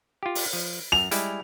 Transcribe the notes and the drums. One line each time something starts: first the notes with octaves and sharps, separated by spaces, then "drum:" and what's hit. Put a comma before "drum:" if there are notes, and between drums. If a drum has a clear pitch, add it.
F4 G4
drum: open hi-hat
F3
F#2 F7
G3 G#3 E4, drum: hi-hat